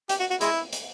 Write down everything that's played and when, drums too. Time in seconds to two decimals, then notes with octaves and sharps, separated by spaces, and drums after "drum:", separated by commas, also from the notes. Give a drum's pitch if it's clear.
0.09 G4, drum: hi-hat
0.20 F#4
0.30 F#4
0.41 G#3 E4, drum: hi-hat
0.73 drum: hi-hat